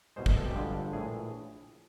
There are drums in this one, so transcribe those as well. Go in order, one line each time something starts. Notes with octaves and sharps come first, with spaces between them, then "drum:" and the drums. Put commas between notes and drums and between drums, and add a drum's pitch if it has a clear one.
C2 B2 G#3 C5
A#4, drum: kick
A4
G4
G1 G2 D3 F3 G#3
A#1 A2 E3 G#4